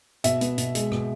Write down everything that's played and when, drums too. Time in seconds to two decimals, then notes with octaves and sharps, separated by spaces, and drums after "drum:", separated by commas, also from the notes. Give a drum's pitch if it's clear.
0.24 B2 E5, drum: hi-hat
0.41 B3, drum: hi-hat
0.58 B2, drum: hi-hat
0.75 G#3, drum: hi-hat
0.92 B2, drum: rim click